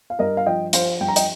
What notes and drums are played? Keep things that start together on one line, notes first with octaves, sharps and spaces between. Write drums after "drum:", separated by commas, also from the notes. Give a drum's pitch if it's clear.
F5
G2 A#4 D#5
F5
F3 D#5 G5
F3 C5 F5, drum: hi-hat
G2 G5
A#5
D#5 G5, drum: hi-hat